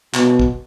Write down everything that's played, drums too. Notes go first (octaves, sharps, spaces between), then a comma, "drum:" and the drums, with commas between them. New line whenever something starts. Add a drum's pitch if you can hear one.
B2, drum: clap
drum: kick